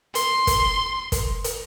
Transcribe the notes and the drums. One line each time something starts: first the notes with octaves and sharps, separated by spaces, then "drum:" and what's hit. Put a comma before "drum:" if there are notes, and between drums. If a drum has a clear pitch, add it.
C6, drum: hi-hat
drum: kick, hi-hat
drum: kick, hi-hat
drum: hi-hat